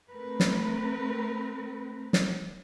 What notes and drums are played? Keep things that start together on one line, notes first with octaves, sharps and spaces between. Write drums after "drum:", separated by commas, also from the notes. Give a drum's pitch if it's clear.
A3 C4 A#4 B4
drum: snare
drum: snare